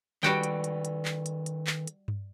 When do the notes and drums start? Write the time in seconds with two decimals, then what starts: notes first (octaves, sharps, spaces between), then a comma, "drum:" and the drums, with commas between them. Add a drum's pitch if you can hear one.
0.23 D#3 G3 F#4 A4 B4 G5, drum: clap
0.43 drum: hi-hat
0.64 drum: hi-hat
0.85 drum: hi-hat
1.05 drum: clap
1.26 drum: hi-hat
1.46 drum: hi-hat
1.67 drum: clap
1.87 drum: hi-hat
2.08 drum: tom G2